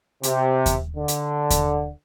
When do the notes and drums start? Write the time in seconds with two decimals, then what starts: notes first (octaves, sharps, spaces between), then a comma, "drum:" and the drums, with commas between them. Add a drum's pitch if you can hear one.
0.23 C3, drum: hi-hat
0.66 drum: kick D#2, hi-hat
0.97 D3
1.08 drum: hi-hat
1.50 drum: kick D#2, hi-hat